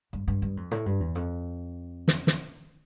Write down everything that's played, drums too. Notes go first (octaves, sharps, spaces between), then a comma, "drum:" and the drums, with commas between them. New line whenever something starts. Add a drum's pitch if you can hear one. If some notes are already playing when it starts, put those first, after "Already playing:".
G2
G2
G2
F2
A2
G2
E2
F2
drum: snare
drum: snare